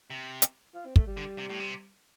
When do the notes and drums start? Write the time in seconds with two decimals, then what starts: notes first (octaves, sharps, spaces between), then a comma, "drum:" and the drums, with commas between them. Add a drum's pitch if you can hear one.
0.10 C3
0.42 drum: hi-hat
0.75 F4
0.85 C4
0.96 A3, drum: kick
1.06 G3
1.17 D3
1.38 C3
1.49 A2
1.60 C3